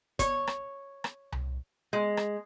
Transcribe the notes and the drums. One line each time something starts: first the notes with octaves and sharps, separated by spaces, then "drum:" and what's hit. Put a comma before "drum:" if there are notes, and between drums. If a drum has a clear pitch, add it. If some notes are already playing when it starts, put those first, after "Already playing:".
C#5, drum: kick, hi-hat
drum: rim click
drum: rim click
drum: tom C2
G#3
drum: rim click